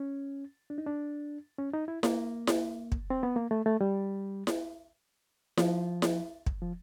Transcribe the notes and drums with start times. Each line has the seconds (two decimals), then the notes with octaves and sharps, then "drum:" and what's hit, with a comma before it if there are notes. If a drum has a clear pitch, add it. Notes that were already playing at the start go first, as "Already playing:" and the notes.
Already playing: C#4
0.70 D4
0.78 D#4
0.86 D4
1.59 C#4
1.74 D#4
1.88 E4
2.03 A#3, drum: snare E4
2.47 drum: snare E4
2.92 drum: kick
3.10 C4
3.23 B3
3.36 A#3
3.51 A3
3.66 A3
3.81 G3
4.47 drum: snare E4
5.57 F3, drum: snare E4
6.02 drum: snare E4
6.46 drum: kick
6.61 F3